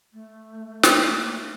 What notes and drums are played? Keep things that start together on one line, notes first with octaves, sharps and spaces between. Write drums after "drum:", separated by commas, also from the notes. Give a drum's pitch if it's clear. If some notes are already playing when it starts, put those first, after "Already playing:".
A3
drum: snare
A#3
A3